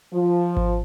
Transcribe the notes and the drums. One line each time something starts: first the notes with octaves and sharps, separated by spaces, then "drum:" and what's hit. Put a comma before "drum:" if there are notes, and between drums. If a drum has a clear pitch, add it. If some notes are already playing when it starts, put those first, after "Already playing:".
F3
drum: kick G#1